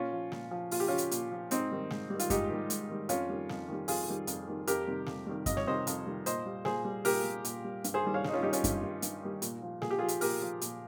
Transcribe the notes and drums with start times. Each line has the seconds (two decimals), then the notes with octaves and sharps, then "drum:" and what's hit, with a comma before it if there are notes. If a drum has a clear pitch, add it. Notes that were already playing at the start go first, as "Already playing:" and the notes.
Already playing: A#2 C#4 F4
0.12 F3
0.32 A#2, drum: snare
0.51 F3
0.71 A#2 F4, drum: open hi-hat
0.80 G4
0.88 F3 C#4 F4
0.98 drum: hi-hat
1.11 A#2, drum: hi-hat
1.31 F3
1.51 G#2 C4 D#4, drum: hi-hat
1.71 D#3 G3
1.91 G#2, drum: snare
2.10 D#3 G3
2.19 F4, drum: hi-hat
2.30 G#2 D#4 G4, drum: kick F#2, hi-hat
2.49 D#3 G3
2.70 G#2, drum: hi-hat
2.89 D#3 G3
3.09 F2 C#4 F4, drum: hi-hat
3.29 D#3 G3
3.49 F2, drum: snare
3.68 D#3 G3
3.88 F2 F4 G#4, drum: open hi-hat
4.07 D#3 G3
4.27 F2, drum: hi-hat
4.48 D#3 G3
4.67 F2 G4 A#4, drum: hi-hat
4.87 C3 D#3 G3
5.06 F2, drum: snare
5.27 C3 D#3 G3
5.46 F2 D#5, drum: kick F#2, hi-hat
5.57 C#5, drum: snare
5.67 C3 D#3 G3 C5 D#5
5.87 F2, drum: hi-hat
6.06 C3 D#3 G3
6.26 A#2 C5 D#5, drum: hi-hat
6.46 G3
6.65 A#2 G#4 C5, drum: snare
6.85 G3
7.05 A#2 G4 A#4, drum: open hi-hat
7.24 G3
7.45 A#2, drum: hi-hat
7.64 G3
7.84 G2, drum: hi-hat
7.94 G#4 C5
8.03 D#3 G3
8.14 C#5 F5
8.24 G2 D#4, drum: snare
8.33 C#4 F4
8.43 D#3 G3 D#4 G4
8.53 C#4 F4, drum: hi-hat
8.64 G2, drum: kick F#2, hi-hat
8.82 D#3 G3
9.02 G2, drum: hi-hat
9.23 D#3 G3
9.42 A#2, drum: hi-hat
9.62 F3
9.82 A#2 G#4, drum: snare
9.91 G4
9.98 F3 F4 G#4
10.08 drum: hi-hat
10.21 A#2 G4 A#4, drum: open hi-hat
10.42 F3
10.61 A#2, drum: hi-hat